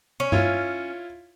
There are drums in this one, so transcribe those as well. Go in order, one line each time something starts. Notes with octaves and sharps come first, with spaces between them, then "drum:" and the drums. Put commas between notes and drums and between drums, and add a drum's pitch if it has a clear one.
C#4
E4 F4 C#5, drum: tom G2